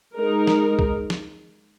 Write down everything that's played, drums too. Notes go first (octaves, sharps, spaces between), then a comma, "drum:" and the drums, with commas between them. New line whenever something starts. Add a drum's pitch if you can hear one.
G#3 D#4 A#4
drum: snare
drum: kick
drum: snare